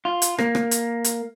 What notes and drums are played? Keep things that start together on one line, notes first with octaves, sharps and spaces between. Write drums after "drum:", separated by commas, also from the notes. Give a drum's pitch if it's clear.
F4
drum: hi-hat
A#3, drum: rim click
drum: rim click
drum: hi-hat
drum: hi-hat